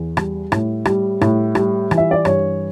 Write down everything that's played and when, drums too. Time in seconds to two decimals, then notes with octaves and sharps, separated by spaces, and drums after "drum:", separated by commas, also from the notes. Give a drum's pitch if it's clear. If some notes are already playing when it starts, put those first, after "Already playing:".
Already playing: E2
0.17 G3, drum: rim click
0.52 A2, drum: rim click
0.85 G3, drum: rim click
1.21 A2, drum: rim click
1.55 G3, drum: rim click
1.91 E3, drum: rim click
1.98 E5
2.11 D5
2.25 G2 C#5, drum: rim click